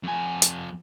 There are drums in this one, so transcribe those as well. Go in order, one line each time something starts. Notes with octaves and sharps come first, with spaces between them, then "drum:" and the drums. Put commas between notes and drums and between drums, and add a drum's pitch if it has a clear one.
F2 G#5
drum: hi-hat